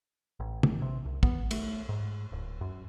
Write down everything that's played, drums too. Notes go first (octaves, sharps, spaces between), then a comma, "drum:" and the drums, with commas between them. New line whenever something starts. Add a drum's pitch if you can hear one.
A1
drum: tom
C3
C2
B3, drum: kick
A3, drum: cymbal
G#2
D1
F#2